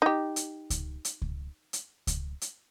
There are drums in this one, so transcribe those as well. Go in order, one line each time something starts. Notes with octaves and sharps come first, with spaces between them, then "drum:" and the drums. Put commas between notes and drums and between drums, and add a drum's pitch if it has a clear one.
D#4 G4
drum: hi-hat
drum: kick C#2, hi-hat
drum: hi-hat
drum: kick C#2
drum: hi-hat
drum: kick C#2, hi-hat
drum: hi-hat